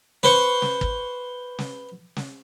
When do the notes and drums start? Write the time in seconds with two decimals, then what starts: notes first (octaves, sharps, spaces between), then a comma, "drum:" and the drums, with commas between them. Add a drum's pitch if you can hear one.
0.23 B4 C5 C#6, drum: snare
0.62 drum: snare
0.81 drum: kick
1.59 drum: snare
2.16 drum: snare